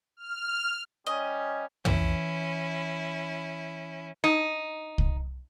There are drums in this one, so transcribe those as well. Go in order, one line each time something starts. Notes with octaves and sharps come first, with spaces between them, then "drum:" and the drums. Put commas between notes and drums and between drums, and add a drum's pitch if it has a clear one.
F6
G3 C#4 D#5
E3 C#4 E4, drum: tom
D#4
drum: kick C2